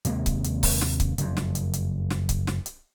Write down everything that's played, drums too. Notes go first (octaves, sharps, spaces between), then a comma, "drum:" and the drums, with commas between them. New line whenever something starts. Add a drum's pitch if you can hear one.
D#2 C3 G#3 A#3, drum: hi-hat
drum: kick C#1, hi-hat
drum: hi-hat
drum: kick C#1, open hi-hat
drum: snare
drum: kick C#1, hi-hat
F#1 F2, drum: hi-hat
drum: snare
drum: hi-hat
drum: hi-hat
drum: snare
drum: kick C#1, hi-hat
drum: snare
drum: hi-hat